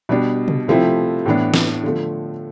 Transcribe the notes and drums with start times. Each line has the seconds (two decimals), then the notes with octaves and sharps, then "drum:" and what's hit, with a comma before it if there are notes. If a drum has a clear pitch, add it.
0.09 B2 G3 D4
0.48 drum: tom
0.68 C3 F3 A3 C4 E4
1.26 A2 E3 B3 D4
1.54 drum: snare
1.83 D3 F3 A3